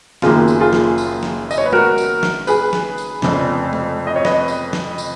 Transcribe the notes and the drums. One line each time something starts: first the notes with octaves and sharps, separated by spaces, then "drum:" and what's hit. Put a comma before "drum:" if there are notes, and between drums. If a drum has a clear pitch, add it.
F#1 F#2 D#3 A#3 F4 G#4, drum: snare
drum: tambourine
F4 G#4
drum: snare
drum: tambourine
drum: snare
D#5, drum: tambourine
C#5
B4
F#4 A#4, drum: tom G#3
drum: tambourine
drum: snare
G#4 B4, drum: tambourine
drum: snare
drum: tambourine
F1 F2 C#3, drum: snare
drum: tom G#3
D#5
C#5
B4 D#5, drum: snare
drum: tambourine
drum: snare
drum: tambourine